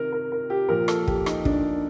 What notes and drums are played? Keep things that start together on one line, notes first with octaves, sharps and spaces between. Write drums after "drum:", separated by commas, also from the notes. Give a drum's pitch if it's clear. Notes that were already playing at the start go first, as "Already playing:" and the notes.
Already playing: C3 D#3 A#4
A#4
A#4
G4
A#2 F3 A#4
A4, drum: rim click
G4, drum: kick
D#4, drum: rim click
D4, drum: kick